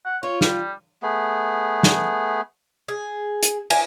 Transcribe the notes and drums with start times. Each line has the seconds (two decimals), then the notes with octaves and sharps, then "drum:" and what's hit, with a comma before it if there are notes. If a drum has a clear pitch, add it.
0.05 F#5
0.23 F4 C#5
0.41 G3, drum: snare
1.03 A3 B3 G#4
1.83 drum: snare
2.88 G#4
3.43 drum: hi-hat
3.70 G#5, drum: cymbal